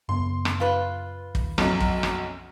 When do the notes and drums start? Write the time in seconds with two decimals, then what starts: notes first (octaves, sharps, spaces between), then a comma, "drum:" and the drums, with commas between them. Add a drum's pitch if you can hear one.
0.09 F#2 C#3 B3 C6
0.45 drum: rim click
0.60 F4 B4
1.35 D#1, drum: kick
1.58 B1 F#2 F3 C4, drum: rim click
1.80 drum: kick
2.03 drum: rim click